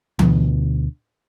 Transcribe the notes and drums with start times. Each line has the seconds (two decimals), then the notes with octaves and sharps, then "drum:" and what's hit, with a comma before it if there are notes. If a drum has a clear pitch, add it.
0.19 D2 B2, drum: tom E3